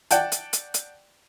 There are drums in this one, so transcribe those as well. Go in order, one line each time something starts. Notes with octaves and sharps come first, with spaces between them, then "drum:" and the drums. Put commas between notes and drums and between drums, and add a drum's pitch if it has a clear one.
D5 F#5 G5 A5, drum: hi-hat
drum: hi-hat
drum: hi-hat
drum: hi-hat